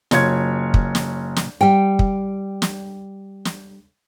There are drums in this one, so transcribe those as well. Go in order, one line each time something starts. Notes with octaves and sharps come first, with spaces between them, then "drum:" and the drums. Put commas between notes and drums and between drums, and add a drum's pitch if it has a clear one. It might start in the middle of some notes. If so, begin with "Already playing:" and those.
F#1 F4 C#5 G#6, drum: snare
drum: kick
drum: snare
drum: snare
G3 G5
drum: kick
drum: snare
drum: snare